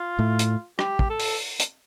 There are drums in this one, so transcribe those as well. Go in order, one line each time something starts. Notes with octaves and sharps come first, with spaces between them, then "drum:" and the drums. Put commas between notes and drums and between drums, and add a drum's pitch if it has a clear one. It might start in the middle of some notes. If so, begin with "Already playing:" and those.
Already playing: F4
A2 A3
drum: hi-hat
G4, drum: rim click
drum: kick
A4
drum: open hi-hat
drum: hi-hat